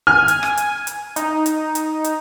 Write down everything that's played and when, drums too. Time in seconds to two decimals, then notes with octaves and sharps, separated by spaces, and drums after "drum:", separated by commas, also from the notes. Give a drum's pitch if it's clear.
0.07 G#5 F6
0.28 drum: hi-hat
0.43 drum: rim click
0.57 drum: hi-hat
0.87 drum: hi-hat
1.16 D#4, drum: hi-hat
1.46 drum: hi-hat
1.75 drum: hi-hat
2.04 drum: hi-hat